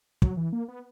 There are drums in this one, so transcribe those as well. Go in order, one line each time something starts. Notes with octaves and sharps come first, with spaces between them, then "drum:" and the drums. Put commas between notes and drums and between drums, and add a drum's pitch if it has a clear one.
F#3, drum: kick
E3
A#3
B3